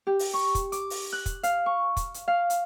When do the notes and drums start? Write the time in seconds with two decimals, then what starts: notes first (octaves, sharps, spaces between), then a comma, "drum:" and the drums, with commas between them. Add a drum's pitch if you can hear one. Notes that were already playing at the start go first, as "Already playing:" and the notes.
0.07 G4
0.19 drum: open hi-hat
0.34 C#6
0.55 drum: kick, hi-hat
0.72 D6, drum: hi-hat
0.90 drum: open hi-hat
1.13 F#6
1.26 drum: kick, hi-hat
1.43 F5, drum: hi-hat
1.66 C#6
1.97 drum: kick, hi-hat
2.14 drum: hi-hat
2.28 F5
2.50 drum: hi-hat